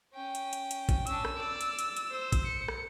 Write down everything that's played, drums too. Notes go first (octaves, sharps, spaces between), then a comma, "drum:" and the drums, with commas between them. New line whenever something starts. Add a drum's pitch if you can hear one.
C#4 G5
drum: hi-hat
drum: hi-hat
drum: hi-hat
drum: kick, hi-hat
C#4 D4 E6, drum: hi-hat
drum: rim click
D5
drum: hi-hat
drum: hi-hat
drum: hi-hat
C5
drum: kick, hi-hat
C#7
drum: rim click